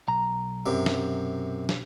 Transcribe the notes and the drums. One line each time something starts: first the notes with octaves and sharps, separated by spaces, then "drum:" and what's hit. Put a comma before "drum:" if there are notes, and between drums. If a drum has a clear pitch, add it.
B1 A#5
F#2 C3
drum: snare
drum: snare